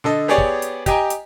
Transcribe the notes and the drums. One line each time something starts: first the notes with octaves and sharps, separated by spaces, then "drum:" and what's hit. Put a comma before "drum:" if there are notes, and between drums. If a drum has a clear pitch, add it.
D3 A4 D#5
B3 G4 G#4 C#5 D5
drum: kick
drum: hi-hat
G4 D#5 G5 G#5 A#5, drum: kick, hi-hat
drum: hi-hat